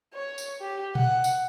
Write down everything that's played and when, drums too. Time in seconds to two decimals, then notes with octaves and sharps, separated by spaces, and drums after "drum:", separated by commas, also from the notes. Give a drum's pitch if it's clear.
0.14 C#5
0.38 drum: tambourine
0.61 G4
0.95 F#5, drum: tom A#2
1.24 drum: tambourine